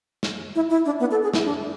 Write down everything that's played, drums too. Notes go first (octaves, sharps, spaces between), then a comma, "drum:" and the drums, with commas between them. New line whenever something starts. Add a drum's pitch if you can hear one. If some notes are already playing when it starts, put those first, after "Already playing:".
drum: snare
E4
E4
D4
B3
A4
G#4
E4, drum: snare
D4